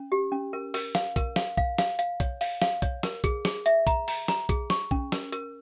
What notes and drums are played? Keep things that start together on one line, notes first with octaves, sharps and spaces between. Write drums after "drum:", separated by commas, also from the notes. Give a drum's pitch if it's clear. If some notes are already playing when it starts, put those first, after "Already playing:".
Already playing: C#4
G4
C#4
A#4
A#4, drum: open hi-hat
F5, drum: snare
A#4, drum: kick B1, hi-hat
F5, drum: snare
F5, drum: kick B1
F5, drum: snare
F5, drum: hi-hat
C#5, drum: kick B1, hi-hat
F5, drum: open hi-hat
F5, drum: snare
C#5, drum: kick B1, hi-hat
A#4, drum: snare
G#4, drum: kick B1, hi-hat
G#4, drum: snare
E5, drum: hi-hat
A#5, drum: kick B1, hi-hat
A#5, drum: open hi-hat
A#5, drum: snare
G#4, drum: kick B1, hi-hat
C#6, drum: snare
C#4, drum: kick B1
A#4, drum: snare
A#4, drum: hi-hat